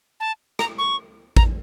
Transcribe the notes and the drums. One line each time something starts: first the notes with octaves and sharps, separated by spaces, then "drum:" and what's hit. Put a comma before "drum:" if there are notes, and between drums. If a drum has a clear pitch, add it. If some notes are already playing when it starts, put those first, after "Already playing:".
A5
A#5, drum: rim click
C#6
A#5, drum: kick A1